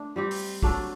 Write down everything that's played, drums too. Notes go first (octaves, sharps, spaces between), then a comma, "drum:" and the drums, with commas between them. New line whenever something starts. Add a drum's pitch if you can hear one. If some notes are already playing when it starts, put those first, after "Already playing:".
Already playing: A3 D4
G3 C4 G4
drum: open hi-hat
F#3 A3 D4 A4, drum: kick